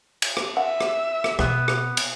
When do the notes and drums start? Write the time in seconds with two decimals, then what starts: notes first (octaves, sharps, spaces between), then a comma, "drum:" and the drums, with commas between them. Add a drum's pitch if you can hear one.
0.22 drum: cymbal
0.37 drum: rim click
0.57 E5 F#5
0.81 drum: rim click
1.24 drum: rim click
1.39 B2 B3, drum: rim click
1.68 drum: rim click
1.97 drum: cymbal